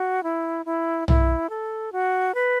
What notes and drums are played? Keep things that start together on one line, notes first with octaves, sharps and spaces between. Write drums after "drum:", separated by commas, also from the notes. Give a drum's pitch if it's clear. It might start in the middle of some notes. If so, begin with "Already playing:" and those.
Already playing: F#4
E4
E4
E4, drum: tom B1
A4
F#4
B4